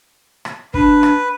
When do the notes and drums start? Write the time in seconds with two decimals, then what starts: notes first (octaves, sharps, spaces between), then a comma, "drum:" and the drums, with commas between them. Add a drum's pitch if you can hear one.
0.45 drum: rim click
0.74 D4 B4, drum: kick
1.03 drum: rim click